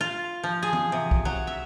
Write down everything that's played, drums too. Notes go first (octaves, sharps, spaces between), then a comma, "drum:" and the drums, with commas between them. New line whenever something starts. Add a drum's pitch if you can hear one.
F4
F3
G#4
drum: tom E3
C3
drum: kick
F#3
E5